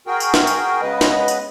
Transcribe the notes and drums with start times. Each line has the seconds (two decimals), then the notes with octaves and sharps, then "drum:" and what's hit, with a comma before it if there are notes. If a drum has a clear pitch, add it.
0.07 F#4 G#4 A#4 G5
0.20 drum: tambourine
0.34 drum: snare
0.47 drum: tambourine
0.82 C#3 G#3 B3 B4 D#5
1.01 drum: snare
1.28 drum: tambourine